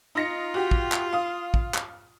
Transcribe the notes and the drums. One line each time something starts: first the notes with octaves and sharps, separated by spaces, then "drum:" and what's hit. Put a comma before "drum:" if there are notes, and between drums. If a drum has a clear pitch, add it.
D#4 F4 A#6 C#7
F#4 G4
drum: kick
drum: clap
F5 D#6
drum: kick
drum: clap